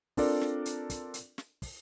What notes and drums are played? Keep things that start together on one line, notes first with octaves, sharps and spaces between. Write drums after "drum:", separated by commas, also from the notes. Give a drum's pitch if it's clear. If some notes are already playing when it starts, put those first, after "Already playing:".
C4 D4 F4 A4 A#4 D5, drum: kick, open hi-hat
drum: snare
drum: hi-hat
drum: kick, hi-hat
drum: hi-hat
drum: snare
drum: kick, open hi-hat